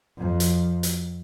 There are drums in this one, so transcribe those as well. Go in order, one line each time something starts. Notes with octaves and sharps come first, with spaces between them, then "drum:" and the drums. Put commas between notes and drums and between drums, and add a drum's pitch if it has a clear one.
F2
drum: hi-hat
drum: hi-hat